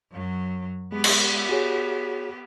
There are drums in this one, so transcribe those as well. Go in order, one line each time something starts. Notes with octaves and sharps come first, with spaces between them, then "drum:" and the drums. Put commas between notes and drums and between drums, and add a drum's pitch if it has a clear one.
F#2 F#3
G#3 B3 G4
drum: cymbal
F#4 G#4 C#5